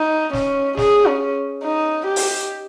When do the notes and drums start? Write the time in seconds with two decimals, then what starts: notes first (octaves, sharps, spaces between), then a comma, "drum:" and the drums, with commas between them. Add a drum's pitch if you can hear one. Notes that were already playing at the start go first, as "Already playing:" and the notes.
Already playing: D#4
0.33 C#4, drum: snare
0.77 G#4, drum: snare
1.06 C#4
1.64 D#4
2.06 G4
2.16 drum: open hi-hat